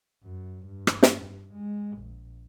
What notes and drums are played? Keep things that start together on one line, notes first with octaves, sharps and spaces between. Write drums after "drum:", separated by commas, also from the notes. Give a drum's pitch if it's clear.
F#2
G2
drum: rim click
drum: snare
G2
G#3
A#1